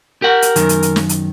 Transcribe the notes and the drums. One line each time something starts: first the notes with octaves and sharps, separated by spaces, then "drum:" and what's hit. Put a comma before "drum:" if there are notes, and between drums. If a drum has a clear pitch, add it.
G4 A#4 F#5
drum: hi-hat
F#2 D#3, drum: hi-hat
drum: hi-hat
drum: hi-hat
drum: snare
drum: hi-hat